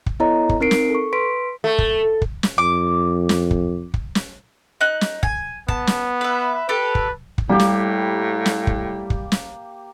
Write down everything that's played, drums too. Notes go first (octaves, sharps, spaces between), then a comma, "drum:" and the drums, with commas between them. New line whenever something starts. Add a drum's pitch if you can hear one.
drum: kick
B3 E4 A4 C#5 D#5 A#5
drum: kick
C4 D#4 A#4 C7 D7
drum: snare
A4 C#6
B4 C6 B6 D7
A3
drum: kick
drum: kick
drum: snare
F2 D6
drum: snare
drum: kick
drum: kick
drum: snare
D#4 F#6
drum: snare
G#5, drum: kick
B3 A5, drum: kick
drum: snare
B4 E5
G4 A4 B4
drum: kick
drum: kick
A2 G3 A#3 G4
drum: snare
drum: snare
drum: kick
drum: kick
drum: snare